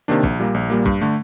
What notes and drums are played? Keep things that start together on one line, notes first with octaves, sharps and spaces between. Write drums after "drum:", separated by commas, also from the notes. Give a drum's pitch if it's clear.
C3 D#3 A#3 D4
A#1, drum: kick
A#2 G3 A#3
A#1
A#2 G3 A#3
G2, drum: kick
D3 A3